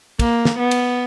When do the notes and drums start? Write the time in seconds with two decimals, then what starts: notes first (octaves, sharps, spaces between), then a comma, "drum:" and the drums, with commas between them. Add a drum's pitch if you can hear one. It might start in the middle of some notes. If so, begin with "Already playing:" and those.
0.19 A#3, drum: kick, cymbal
0.45 drum: snare
0.58 B3
0.71 drum: cymbal